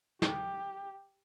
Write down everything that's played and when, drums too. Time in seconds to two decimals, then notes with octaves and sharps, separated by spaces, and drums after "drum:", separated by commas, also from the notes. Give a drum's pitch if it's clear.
0.22 G4, drum: snare